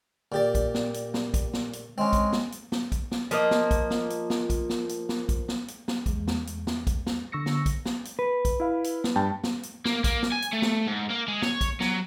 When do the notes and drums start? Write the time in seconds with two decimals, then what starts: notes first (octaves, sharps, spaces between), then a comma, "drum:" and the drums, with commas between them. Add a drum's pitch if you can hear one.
0.32 A#2 G4 D5
0.55 drum: kick A#1, hi-hat
0.74 drum: snare
0.94 drum: hi-hat
1.14 drum: snare
1.34 drum: kick A#1, hi-hat
1.53 drum: snare
1.73 drum: hi-hat
1.98 G#3 C4 C#4
2.13 drum: kick A#1, hi-hat
2.33 drum: snare
2.52 drum: hi-hat
2.72 drum: snare
2.92 drum: kick A#1, hi-hat
3.12 drum: snare
3.31 F3 A#3 D#5, drum: hi-hat
3.51 drum: snare
3.71 drum: kick A#1, hi-hat
3.91 drum: snare
4.10 drum: hi-hat
4.30 drum: snare
4.50 drum: kick A#1, hi-hat
4.70 drum: snare
4.89 drum: hi-hat
5.09 drum: snare
5.29 drum: kick A#1, hi-hat
5.49 drum: snare
5.68 drum: hi-hat
5.88 drum: snare
6.06 E2 G#3, drum: kick A#1, hi-hat
6.28 drum: snare
6.47 drum: hi-hat
6.67 drum: snare
6.87 drum: kick A#1, hi-hat
7.07 drum: snare
7.32 D3 C#6 E6 A#6 C#7
7.46 drum: snare
7.66 drum: kick A#1, hi-hat
7.86 drum: snare
8.05 drum: hi-hat
8.19 B4
8.45 drum: kick A#1, hi-hat
8.60 E4 F5
8.84 drum: hi-hat
9.04 drum: snare
9.16 G2 G5 A5
9.44 drum: snare
9.63 drum: hi-hat
9.85 A#3, drum: snare
10.04 A#3, drum: kick A#1, hi-hat
10.23 drum: snare
10.32 G#5
10.42 drum: hi-hat
10.52 A3
10.62 drum: snare
10.87 G#2
11.10 A#3
11.28 G#3
11.42 C#5, drum: snare
11.61 drum: kick A#1, hi-hat
11.81 F#3, drum: snare